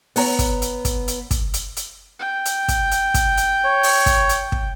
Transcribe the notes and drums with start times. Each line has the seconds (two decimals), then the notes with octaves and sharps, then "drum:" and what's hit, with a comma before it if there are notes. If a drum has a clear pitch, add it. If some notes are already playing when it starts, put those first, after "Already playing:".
0.16 B3 C#5 A#5, drum: open hi-hat
0.39 drum: kick, hi-hat
0.62 drum: hi-hat
0.85 drum: kick, hi-hat
1.08 drum: hi-hat
1.31 drum: kick, hi-hat
1.54 drum: hi-hat
1.77 drum: hi-hat
2.19 G5
2.45 drum: hi-hat
2.68 drum: kick, hi-hat
2.91 drum: hi-hat
3.14 drum: kick, hi-hat
3.37 drum: hi-hat
3.65 C#5
3.83 drum: open hi-hat
4.06 drum: kick, hi-hat
4.29 drum: hi-hat
4.52 drum: kick